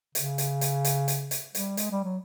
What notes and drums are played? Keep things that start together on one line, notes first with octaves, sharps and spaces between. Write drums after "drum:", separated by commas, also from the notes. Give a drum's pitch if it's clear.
C#3, drum: hi-hat
drum: hi-hat
drum: hi-hat
drum: hi-hat
drum: hi-hat
drum: hi-hat
G3, drum: hi-hat
G#3, drum: hi-hat
G3
F#3